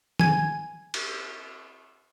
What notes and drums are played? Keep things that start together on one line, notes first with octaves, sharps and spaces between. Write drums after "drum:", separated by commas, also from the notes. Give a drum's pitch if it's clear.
G#5 G#6, drum: tom D#3
drum: cymbal